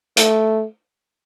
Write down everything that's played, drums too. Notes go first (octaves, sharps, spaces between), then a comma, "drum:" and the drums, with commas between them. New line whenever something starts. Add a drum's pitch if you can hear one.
A3, drum: hi-hat